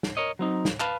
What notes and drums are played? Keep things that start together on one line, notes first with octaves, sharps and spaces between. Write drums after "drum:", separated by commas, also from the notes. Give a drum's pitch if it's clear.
drum: snare
A#4 C#5 D#5
F#3 C4 D#4
drum: snare
B4 F5 A5, drum: clap